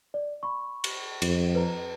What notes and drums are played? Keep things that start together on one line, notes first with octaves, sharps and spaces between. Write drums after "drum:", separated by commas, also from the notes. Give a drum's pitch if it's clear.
D5
B5 C#6
drum: cymbal
F2, drum: cymbal
B4 A#5